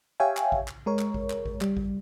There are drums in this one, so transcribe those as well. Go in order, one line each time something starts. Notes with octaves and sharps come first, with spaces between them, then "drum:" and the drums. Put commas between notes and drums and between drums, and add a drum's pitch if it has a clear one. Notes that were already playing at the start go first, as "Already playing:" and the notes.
G4 C#5 E5 F5 G5 G#5
drum: clap
drum: kick A1
drum: clap
G#3 A#4 C#5
drum: clap
drum: kick A1
drum: clap
drum: kick A1
G3, drum: clap
drum: kick A1